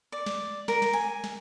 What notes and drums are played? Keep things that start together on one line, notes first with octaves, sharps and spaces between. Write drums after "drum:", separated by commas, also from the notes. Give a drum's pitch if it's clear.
D5
drum: snare
A#4, drum: snare
drum: snare
G#5
drum: snare